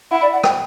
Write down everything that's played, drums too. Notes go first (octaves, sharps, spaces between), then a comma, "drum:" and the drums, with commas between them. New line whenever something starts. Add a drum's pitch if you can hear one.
E4 F#5
D5
F#5
G5, drum: rim click